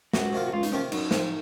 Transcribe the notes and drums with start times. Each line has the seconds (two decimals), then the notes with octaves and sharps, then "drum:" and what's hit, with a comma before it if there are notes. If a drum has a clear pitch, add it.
0.13 C#2 F#4, drum: snare
0.33 C3 D#3 A#3 F4
0.47 F#4
0.52 C#2 F4
0.63 D#4, drum: hi-hat
0.72 C3 D#3 A#3 C#4 F4
0.92 F#2 D#4, drum: cymbal
1.11 F3 C4, drum: snare